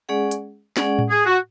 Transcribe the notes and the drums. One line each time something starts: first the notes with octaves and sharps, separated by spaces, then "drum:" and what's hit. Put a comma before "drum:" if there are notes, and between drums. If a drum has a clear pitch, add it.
G#3 C#4 G#4 D5 F#5
drum: hi-hat
G#3 C#4 G#4 D5 F#5, drum: snare
drum: tom A2
G#4
F#4